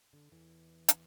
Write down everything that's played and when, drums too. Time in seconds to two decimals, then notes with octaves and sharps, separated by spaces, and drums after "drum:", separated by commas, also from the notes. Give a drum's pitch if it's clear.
0.13 D3
0.32 E2 E3
0.88 drum: hi-hat